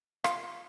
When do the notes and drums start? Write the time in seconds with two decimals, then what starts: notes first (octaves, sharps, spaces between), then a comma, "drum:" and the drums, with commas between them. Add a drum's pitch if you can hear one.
0.24 F4, drum: rim click